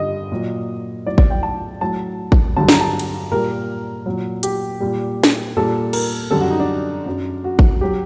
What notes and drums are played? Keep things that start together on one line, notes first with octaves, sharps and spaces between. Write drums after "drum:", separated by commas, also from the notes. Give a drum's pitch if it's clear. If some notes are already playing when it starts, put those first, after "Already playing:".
Already playing: G2 D3 G3 D#5
A#2 F#3
A2 F#3 D5
D5, drum: kick A1
G5
A5
A2 F#3 A5
drum: kick A1
G2 D3 F#3 A5
A#5, drum: snare
A5
drum: cymbal
A#2 G3 A#4
A#2 F#3
G4, drum: hi-hat
A#2 G3
drum: snare
A#2 G3 A4
A#4, drum: cymbal
F#2 D3 G3 A4
F#4
D#4
D4
F#2 F#3
F#4
drum: kick A1
F#3 G4